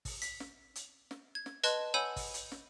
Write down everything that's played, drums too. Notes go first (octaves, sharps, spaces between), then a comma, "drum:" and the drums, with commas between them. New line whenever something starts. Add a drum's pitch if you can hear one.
drum: kick, open hi-hat
B6, drum: hi-hat
drum: snare
drum: hi-hat
drum: snare
G#6
drum: snare
B4 D#5 A5 C6 F#6 G#6, drum: hi-hat
C#5 F#5 G#5 B5 E6 G6
drum: kick, open hi-hat
drum: hi-hat
drum: snare